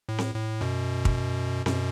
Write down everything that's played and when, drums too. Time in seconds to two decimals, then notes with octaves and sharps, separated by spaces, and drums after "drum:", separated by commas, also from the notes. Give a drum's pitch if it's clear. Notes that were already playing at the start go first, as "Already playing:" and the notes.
0.09 A2
0.18 drum: snare C4
0.35 A2
0.61 F#2 B2
1.05 drum: kick
1.66 F#2 B2, drum: snare C4